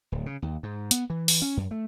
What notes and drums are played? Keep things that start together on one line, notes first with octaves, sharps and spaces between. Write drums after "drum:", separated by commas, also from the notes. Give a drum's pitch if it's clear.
D1
C#3
D#2
G#2
B3, drum: hi-hat
E3
drum: open hi-hat
C#4
F#2
A3